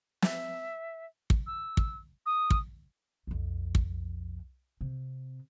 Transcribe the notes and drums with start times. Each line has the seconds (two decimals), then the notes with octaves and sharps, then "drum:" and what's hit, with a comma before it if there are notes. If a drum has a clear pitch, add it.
0.22 E5, drum: snare
1.30 drum: kick
1.46 E6
1.77 drum: kick
2.25 D#6
2.50 drum: kick
3.27 B1 F2
3.75 drum: kick
4.81 C3